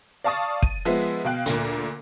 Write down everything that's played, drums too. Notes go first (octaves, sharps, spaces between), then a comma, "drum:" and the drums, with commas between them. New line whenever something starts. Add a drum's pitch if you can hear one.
D5 F5 A5 C#6 D#6 A6
D#7, drum: kick
F3 G#3 B3 E5
B2 F5 G5 F#6
D2 A#2, drum: hi-hat